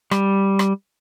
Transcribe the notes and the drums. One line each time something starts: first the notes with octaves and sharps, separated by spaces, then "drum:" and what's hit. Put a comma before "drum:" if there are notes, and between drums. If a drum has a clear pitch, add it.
G3, drum: rim click
drum: rim click